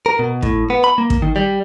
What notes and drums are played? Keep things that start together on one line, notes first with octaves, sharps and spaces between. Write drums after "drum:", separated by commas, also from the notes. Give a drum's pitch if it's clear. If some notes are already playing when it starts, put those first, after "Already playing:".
A#4
B2
A2, drum: kick
B3
B5
A#3
drum: kick
D#3
G3